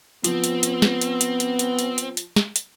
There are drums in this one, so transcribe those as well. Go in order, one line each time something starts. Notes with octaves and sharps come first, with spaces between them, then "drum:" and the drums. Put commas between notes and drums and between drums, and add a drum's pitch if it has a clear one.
F3 B3 C4, drum: hi-hat
drum: hi-hat
drum: hi-hat
drum: snare
drum: hi-hat
drum: hi-hat
drum: hi-hat
drum: hi-hat
drum: hi-hat
drum: hi-hat
drum: hi-hat
drum: snare
drum: hi-hat